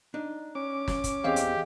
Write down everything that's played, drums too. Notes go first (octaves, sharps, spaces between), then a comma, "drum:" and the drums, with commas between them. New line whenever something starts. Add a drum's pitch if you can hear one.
D4 D#4
C#4 D6
drum: snare
drum: kick, hi-hat
E2 C4 G4 G#4 D#5 F5
drum: hi-hat